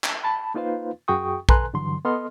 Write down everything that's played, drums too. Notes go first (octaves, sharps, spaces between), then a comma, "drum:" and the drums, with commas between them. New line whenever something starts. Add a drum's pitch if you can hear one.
drum: clap
A5 B5
A#3 D#4 F4 B4 C5 F5
F#2 F#4 G#4 G5 C#6 D#6
A4 B4 G#5 A#5 C6 F#6, drum: kick A#1
G2 D3 E3 F#3 C6
B3 A4 D#5 C6 F6